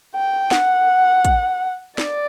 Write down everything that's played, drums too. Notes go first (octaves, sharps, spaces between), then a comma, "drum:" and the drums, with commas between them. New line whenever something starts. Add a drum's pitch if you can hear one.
G5
F#5, drum: snare
drum: kick, hi-hat
D5, drum: snare